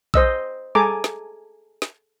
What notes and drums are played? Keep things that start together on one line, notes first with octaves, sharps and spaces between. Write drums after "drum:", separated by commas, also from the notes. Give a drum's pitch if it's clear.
C5 D#5 E6, drum: kick A#1
G#4 A4 G#5 A#5 D6, drum: tom G3
drum: snare
drum: snare